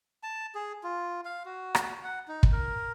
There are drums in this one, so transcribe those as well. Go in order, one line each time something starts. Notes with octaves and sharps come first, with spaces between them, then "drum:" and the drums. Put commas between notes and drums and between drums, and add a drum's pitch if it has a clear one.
A5
G#4
F4
F5
F#4
drum: rim click
F#5
D#4
drum: kick
A#4